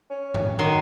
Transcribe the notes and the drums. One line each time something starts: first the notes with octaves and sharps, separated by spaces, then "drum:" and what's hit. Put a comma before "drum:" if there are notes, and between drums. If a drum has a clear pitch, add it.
C#4
drum: tom G2
D#3 F#3 C6